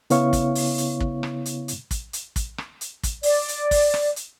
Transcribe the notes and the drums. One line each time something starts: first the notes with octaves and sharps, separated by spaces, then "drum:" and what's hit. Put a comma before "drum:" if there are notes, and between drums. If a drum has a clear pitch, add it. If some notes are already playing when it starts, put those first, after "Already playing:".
C#3 B3 E4 C#5 F5 C#6, drum: hi-hat
drum: kick, hi-hat
drum: open hi-hat
drum: hi-hat
drum: kick
drum: rim click
drum: hi-hat
drum: hi-hat
drum: kick, hi-hat
drum: hi-hat
drum: kick, hi-hat
drum: rim click
drum: hi-hat
drum: kick, hi-hat
D5, drum: open hi-hat
drum: hi-hat
drum: kick, open hi-hat
drum: rim click
drum: hi-hat